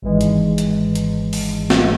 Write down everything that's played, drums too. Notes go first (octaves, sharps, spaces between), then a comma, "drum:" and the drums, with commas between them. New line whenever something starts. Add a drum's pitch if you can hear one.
G#1 G#2 E3 G#3
drum: hi-hat
drum: hi-hat
drum: hi-hat
drum: open hi-hat
drum: snare